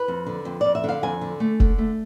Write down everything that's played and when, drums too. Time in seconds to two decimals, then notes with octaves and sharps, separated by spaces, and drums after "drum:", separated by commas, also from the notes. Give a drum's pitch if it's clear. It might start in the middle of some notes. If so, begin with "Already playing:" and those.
Already playing: B4
0.08 F2
0.26 D3
0.45 F2
0.61 F2 D5
0.75 E5
0.84 D3 F5
1.03 F2 G#5
1.21 D3
1.40 A3
1.60 D3, drum: kick F1
1.78 A3